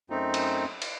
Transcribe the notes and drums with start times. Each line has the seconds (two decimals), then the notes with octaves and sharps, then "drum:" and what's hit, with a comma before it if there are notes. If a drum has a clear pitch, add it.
0.10 F#2 A3 C4 D#4
0.34 drum: cymbal
0.82 drum: cymbal